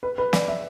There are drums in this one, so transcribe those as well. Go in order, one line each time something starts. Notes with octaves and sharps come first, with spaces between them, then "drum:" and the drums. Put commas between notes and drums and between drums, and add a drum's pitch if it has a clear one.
B4
B4
D5, drum: snare
E5